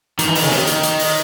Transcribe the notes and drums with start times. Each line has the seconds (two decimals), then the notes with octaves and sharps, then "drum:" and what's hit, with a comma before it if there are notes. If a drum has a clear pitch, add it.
0.19 D#3, drum: hi-hat
0.27 E3
0.35 D#3, drum: open hi-hat
0.43 C#3
0.51 D#3, drum: snare
0.67 drum: hi-hat
0.83 drum: hi-hat
0.99 drum: open hi-hat